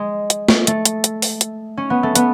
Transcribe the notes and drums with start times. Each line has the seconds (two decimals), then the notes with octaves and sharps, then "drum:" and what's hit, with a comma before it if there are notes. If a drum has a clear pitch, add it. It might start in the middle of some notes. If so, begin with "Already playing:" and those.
Already playing: G#3
0.30 drum: hi-hat
0.49 drum: snare
0.67 A3, drum: hi-hat
0.85 drum: hi-hat
1.04 drum: hi-hat
1.22 drum: open hi-hat
1.41 drum: hi-hat
1.77 C#4
1.90 B3
2.03 A3
2.15 B3, drum: hi-hat